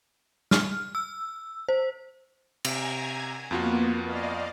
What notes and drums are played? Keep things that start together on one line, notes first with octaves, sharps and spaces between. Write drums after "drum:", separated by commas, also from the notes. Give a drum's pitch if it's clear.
F6, drum: snare
E6
C5
C3 G#5 A#5 G#6, drum: cymbal
F2 A#3 B3 F4 F#4
D5 D#5 F5